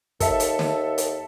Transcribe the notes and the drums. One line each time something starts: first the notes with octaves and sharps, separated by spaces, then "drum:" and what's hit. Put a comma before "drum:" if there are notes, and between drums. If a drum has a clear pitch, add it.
D#2 A4 E5, drum: kick, hi-hat
drum: hi-hat
drum: snare
drum: hi-hat